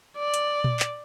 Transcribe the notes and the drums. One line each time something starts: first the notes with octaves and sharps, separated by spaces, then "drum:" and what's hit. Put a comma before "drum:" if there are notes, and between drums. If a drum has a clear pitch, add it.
D5
drum: hi-hat
drum: tom A#2
drum: clap